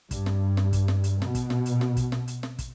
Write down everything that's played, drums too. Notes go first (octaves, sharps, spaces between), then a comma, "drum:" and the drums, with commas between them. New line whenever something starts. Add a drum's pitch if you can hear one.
G2, drum: kick, hi-hat
drum: snare
drum: snare
drum: kick, hi-hat
drum: snare
drum: hi-hat
B2, drum: snare
drum: kick, hi-hat
drum: snare
drum: hi-hat
drum: snare
drum: kick, hi-hat
drum: snare
drum: hi-hat
drum: snare
drum: kick, hi-hat